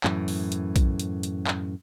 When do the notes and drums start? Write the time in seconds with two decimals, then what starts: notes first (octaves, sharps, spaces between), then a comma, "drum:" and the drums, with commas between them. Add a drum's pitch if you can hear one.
0.04 F#2 A2 E3, drum: clap
0.28 drum: open hi-hat
0.52 drum: hi-hat
0.76 drum: kick A#1, hi-hat
1.00 drum: hi-hat
1.23 drum: hi-hat
1.47 drum: clap